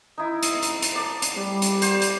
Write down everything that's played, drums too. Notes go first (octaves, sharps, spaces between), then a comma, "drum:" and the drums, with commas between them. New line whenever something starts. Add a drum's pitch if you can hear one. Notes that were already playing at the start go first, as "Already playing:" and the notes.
D#4 E4
drum: hi-hat
drum: hi-hat
drum: hi-hat
D5 A5
drum: hi-hat
G3
drum: hi-hat
C5, drum: hi-hat
drum: hi-hat